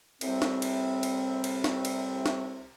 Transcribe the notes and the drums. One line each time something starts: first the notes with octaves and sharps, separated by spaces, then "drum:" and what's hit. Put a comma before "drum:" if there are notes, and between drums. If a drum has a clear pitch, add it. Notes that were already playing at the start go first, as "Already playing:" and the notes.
C2 A2 C3 G3 C4, drum: cymbal
drum: snare
drum: cymbal
drum: cymbal
drum: cymbal
drum: snare
drum: cymbal
drum: snare